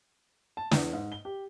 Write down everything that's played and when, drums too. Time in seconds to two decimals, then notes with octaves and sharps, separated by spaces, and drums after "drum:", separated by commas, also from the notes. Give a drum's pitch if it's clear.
0.57 A5
0.71 E2, drum: snare
0.93 G#2
1.12 G7
1.25 G4